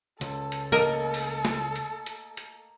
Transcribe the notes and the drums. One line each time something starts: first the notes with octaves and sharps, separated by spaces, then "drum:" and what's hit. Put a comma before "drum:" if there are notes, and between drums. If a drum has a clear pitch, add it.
C#2 A4, drum: hi-hat
drum: hi-hat
A3 A#3 A#4 D#5
drum: open hi-hat
drum: snare
drum: hi-hat
drum: hi-hat
drum: hi-hat